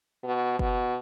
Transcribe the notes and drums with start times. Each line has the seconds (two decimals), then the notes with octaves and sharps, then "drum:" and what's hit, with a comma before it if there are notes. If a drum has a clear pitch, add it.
0.24 B2
0.59 B2, drum: kick F#1